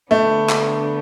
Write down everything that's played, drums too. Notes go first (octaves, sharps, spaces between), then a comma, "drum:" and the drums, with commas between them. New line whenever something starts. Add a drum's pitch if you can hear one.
D3 A3 B3 D4
drum: clap